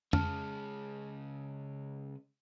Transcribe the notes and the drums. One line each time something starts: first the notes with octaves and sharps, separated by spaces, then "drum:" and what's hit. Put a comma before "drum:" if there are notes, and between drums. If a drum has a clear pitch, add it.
C#3 G#3 A5 F6, drum: tom F2